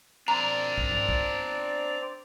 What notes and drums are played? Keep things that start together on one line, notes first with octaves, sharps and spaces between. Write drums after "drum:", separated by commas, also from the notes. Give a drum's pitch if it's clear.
C4 D4 A#4 D5 A#5
drum: kick
drum: tom G2
drum: kick